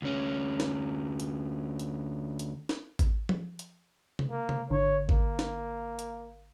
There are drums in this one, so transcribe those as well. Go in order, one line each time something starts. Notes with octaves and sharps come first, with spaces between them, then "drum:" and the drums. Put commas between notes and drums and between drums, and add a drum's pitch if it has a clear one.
D2 C#4
drum: snare
drum: hi-hat
drum: hi-hat
drum: hi-hat
drum: snare
drum: kick G#1, hi-hat
drum: tom F3
drum: hi-hat
drum: tom C3
A#3
drum: tom C3
G#1 D3 C#5
A#3, drum: kick G#1
drum: snare
drum: hi-hat